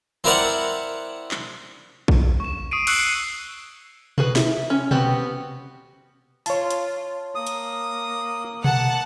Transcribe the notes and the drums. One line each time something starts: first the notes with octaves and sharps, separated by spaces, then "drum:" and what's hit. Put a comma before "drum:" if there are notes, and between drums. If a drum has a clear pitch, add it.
C4 E4 A#4 D5 F#5
drum: clap
drum: kick A1
C#6 E7
C#6 D#6 C7 D7 D#7
C#6 E6 F#6 C7 C#7 F#7, drum: cymbal
F#4 G#4 B4, drum: tom B2
E5, drum: snare
C#4
B3 C4 F#4 G4, drum: tom B2
F4 C#5 A5, drum: open hi-hat
drum: hi-hat
A#3 D#6
drum: hi-hat
F#5 A5, drum: tom B2